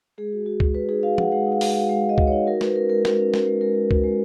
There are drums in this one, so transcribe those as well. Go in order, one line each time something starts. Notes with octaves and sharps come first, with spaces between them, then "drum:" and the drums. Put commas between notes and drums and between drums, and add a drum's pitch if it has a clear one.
G#3 G#4
F#4
F#4
G#3, drum: kick C#2
G#3 B4
D#4 G#4
F#4 F5
F#4 F#5, drum: tom
G#3 F#5
D#4
F5
G#3, drum: open hi-hat
F#4 F5
G#3 F5
G#3 D#5
F#4, drum: kick C#2
D#4 C#5
F#4 A#4
G#3 B4, drum: snare
C#4 A#4
G#3 A#4
F#4, drum: snare
C#4
G#3, drum: snare
G#3
G#3 A#4
G#3
F#4, drum: kick C#2
G#3